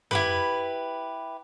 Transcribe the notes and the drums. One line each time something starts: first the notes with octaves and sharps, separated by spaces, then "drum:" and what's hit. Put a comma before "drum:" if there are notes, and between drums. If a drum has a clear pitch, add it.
E4 G4 B4, drum: tom F#2